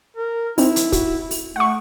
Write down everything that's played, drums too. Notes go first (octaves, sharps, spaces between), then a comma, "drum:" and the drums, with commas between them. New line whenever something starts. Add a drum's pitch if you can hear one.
A#4
C4 D#4 E4, drum: open hi-hat
drum: hi-hat
F#4, drum: kick, hi-hat
drum: open hi-hat
A3 F#5 C#6